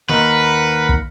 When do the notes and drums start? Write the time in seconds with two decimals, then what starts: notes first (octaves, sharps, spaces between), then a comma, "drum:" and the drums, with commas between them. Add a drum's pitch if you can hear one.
0.09 D#2 A#4 B4 F#5 B5 C6
0.89 drum: kick